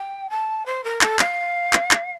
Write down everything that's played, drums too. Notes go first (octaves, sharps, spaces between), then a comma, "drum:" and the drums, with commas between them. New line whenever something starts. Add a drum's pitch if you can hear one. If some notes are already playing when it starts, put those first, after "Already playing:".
Already playing: G5
A5
C5
A#4
A4, drum: clap
F5, drum: clap
drum: clap
drum: clap